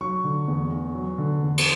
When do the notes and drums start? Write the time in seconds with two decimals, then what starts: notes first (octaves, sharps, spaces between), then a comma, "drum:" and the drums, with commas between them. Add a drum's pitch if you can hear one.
0.01 F#3 C#6
0.24 D3
0.48 E2
0.72 E2
0.95 F#3
1.18 D3
1.42 E2
1.58 drum: cymbal